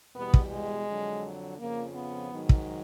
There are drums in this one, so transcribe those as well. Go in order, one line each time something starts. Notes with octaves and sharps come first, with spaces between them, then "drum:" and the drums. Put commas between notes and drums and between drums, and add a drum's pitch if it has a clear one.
E2 B2 G3 B3
drum: kick
G#3
F2 D3 F#3
F2 C#3 F3 A#3
B3
G#2 D#3 F#3
drum: kick